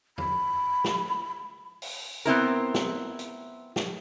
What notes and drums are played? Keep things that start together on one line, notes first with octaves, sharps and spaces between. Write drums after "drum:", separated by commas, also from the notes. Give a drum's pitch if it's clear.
B5, drum: tom E2
drum: snare
drum: open hi-hat
B3 C4 E4 A#4, drum: hi-hat
drum: snare
drum: hi-hat
drum: snare